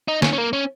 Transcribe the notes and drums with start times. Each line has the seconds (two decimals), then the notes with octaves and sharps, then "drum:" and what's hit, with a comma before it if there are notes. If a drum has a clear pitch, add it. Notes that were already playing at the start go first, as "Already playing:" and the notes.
0.08 D#4
0.22 C#4, drum: snare
0.33 C#4
0.38 A#3
0.53 C#4